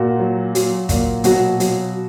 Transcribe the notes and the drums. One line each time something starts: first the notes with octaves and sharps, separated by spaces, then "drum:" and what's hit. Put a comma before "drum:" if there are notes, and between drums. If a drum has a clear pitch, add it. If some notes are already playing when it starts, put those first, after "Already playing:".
Already playing: A#2 F#4
F#3
F#3, drum: hi-hat
A#2, drum: kick, hi-hat
B2 F#3 F#4, drum: hi-hat
F#3, drum: hi-hat